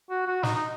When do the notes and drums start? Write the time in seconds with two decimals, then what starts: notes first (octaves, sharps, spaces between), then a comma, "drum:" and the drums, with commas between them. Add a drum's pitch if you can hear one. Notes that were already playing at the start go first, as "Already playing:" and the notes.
0.10 F#4
0.27 F#4
0.43 D#4, drum: snare
0.55 D#4